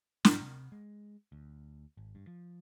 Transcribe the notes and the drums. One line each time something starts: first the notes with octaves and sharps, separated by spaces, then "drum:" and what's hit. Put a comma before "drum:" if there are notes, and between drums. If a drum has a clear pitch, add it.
G#2, drum: snare
C3
G#3
D2
G#1
G2
F3